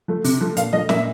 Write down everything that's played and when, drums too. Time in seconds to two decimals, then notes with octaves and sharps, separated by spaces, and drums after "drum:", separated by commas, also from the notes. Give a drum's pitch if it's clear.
0.08 F3 A3
0.24 C3, drum: open hi-hat
0.41 F3 A3
0.57 A#2 F5, drum: hi-hat
0.73 F3 A3 D#5
0.89 A#2 E5, drum: snare